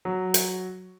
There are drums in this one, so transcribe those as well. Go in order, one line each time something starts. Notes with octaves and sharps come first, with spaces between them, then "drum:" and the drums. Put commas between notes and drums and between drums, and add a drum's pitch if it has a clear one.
F#3
drum: hi-hat